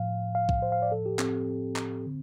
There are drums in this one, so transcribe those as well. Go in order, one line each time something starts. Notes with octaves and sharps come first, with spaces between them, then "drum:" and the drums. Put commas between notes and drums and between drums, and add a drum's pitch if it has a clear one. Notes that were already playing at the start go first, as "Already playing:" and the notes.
Already playing: A2 F3 F5
F5
drum: kick B1
C5
F5
D5
A2 F3 A4
G4
C4, drum: clap
drum: clap
D3